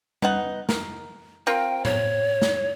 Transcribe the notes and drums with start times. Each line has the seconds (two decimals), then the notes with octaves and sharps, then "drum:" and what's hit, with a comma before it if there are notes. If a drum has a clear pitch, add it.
0.22 B3 D#4 F#5, drum: tom G3
0.69 A#4, drum: snare
1.47 C4 F4 A#4 G5
1.85 C#5, drum: tom A2
2.42 drum: snare